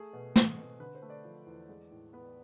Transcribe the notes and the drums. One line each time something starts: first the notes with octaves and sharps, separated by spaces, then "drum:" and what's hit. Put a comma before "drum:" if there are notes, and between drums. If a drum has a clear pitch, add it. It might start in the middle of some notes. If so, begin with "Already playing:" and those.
Already playing: A3 G#4
B2
C4, drum: snare
B2
D3 B4
C5
A3
D5
F3
E2
G#3
A2
B3 B4